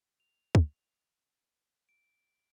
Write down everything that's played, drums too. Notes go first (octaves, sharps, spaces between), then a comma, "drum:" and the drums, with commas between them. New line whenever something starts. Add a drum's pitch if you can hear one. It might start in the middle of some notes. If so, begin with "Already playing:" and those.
F7
drum: kick
D7